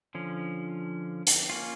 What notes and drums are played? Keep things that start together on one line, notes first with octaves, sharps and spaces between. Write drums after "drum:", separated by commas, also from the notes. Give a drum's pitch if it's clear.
D3 F3 C#4
drum: hi-hat
A#3 C#4 F4